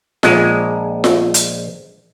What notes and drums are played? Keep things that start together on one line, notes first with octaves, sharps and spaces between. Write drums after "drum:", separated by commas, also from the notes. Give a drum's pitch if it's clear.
A#1 G#3, drum: snare F4
drum: snare F4
drum: hi-hat